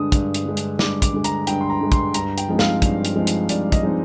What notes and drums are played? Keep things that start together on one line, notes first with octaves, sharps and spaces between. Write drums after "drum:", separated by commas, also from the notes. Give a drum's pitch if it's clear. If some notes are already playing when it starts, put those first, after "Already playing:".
Already playing: G2 D3 G#3 D#6
G2, drum: kick, hi-hat
drum: hi-hat
D3 G#3
drum: hi-hat
G2 D6, drum: snare
D6, drum: kick, hi-hat
D3 G#3
A#5, drum: hi-hat
G2 G5, drum: hi-hat
C6
A#5
D3 G#3
C6, drum: kick, hi-hat
G2 A#5, drum: hi-hat
G5, drum: hi-hat
F3 G#3 C4 D#4
F5, drum: snare
G2, drum: kick, hi-hat
drum: hi-hat
F3 G#3 C4 D#4
drum: hi-hat
G2 D5, drum: hi-hat
D#5, drum: kick, hi-hat
F3 G#3 C4 D#4